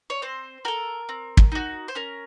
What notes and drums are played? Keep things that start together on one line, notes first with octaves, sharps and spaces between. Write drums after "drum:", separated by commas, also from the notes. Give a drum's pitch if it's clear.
C#5
C4 C5
F#4 A4 A#4
C4
drum: kick
D#4 F#4
C5
C#4 A#4